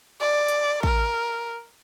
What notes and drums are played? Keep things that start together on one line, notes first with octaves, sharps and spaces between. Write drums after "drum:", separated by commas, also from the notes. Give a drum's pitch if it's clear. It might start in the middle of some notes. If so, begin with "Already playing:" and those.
D5
drum: hi-hat
A#4, drum: kick A1